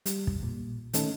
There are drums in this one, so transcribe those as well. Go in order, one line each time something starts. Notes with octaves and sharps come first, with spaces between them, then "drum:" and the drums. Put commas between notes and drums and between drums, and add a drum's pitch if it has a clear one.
G3, drum: hi-hat
drum: kick
A#2
D#3 A3 C#4 D#4 A4, drum: hi-hat